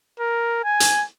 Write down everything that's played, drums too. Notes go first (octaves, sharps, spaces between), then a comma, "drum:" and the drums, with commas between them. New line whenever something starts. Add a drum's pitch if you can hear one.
A#4
G#5
drum: hi-hat